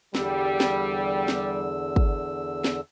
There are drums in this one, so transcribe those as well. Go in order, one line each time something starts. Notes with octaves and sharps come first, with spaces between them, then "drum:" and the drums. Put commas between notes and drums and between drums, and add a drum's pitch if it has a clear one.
E2 D3 G3 E6, drum: snare
drum: snare
drum: snare
drum: kick
drum: snare